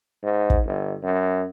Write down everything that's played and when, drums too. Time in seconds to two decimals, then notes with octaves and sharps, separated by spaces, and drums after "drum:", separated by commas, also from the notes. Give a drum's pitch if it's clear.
0.23 G#2
0.50 drum: kick
0.66 G1
1.03 F#2